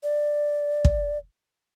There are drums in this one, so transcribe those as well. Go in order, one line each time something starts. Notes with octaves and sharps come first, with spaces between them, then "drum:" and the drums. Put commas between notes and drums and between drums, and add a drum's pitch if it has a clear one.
D5
drum: kick